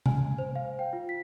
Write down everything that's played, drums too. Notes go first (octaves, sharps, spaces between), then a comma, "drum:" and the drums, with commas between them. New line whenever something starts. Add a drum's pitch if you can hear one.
G#5, drum: tom C3
G#5
C5
F5
G5
F4
B6